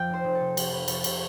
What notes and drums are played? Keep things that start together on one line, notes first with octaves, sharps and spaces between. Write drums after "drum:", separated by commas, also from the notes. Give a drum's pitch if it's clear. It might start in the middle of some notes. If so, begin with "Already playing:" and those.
Already playing: F2 F3 F5 G5
F1 C5
F1
A4
C3
F1, drum: cymbal
F1 B4
F1 A4, drum: cymbal
C3 A4, drum: cymbal